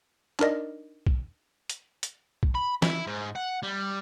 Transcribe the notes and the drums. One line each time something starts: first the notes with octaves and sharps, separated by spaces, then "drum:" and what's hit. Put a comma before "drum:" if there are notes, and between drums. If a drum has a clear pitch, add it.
D4 D#4 A#4 D5 D#5, drum: clap
drum: kick B1
drum: hi-hat
drum: hi-hat
drum: kick B1
B5
E4, drum: snare
G#2
F#5
G3